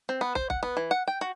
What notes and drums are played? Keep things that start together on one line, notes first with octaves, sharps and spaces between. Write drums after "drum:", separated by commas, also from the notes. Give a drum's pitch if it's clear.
C4
B3
C5, drum: kick
F#5, drum: kick
B3
E3
F#5
G5
F#4